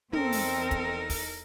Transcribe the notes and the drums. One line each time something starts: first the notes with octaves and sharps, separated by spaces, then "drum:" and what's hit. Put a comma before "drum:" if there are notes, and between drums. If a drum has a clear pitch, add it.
E2 C4 D#4 A4 A#4, drum: tom
drum: open hi-hat
drum: kick, hi-hat
drum: kick, open hi-hat